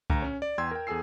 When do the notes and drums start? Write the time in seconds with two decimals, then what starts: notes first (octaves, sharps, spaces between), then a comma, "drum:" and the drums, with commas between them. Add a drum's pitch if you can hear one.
0.10 D2 A#5, drum: kick C2
0.22 C#4 C#5
0.42 D5
0.58 E2 G5 C6 E6 G#6
0.71 A#4 G5
0.87 E2 G#4 A4 G#5 E6 C7